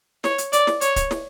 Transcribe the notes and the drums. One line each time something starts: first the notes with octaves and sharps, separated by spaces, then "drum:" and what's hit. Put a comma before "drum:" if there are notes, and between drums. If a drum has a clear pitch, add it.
C#5, drum: snare
drum: hi-hat
D5, drum: hi-hat
drum: snare
C#5, drum: hi-hat
drum: kick D1, hi-hat
drum: snare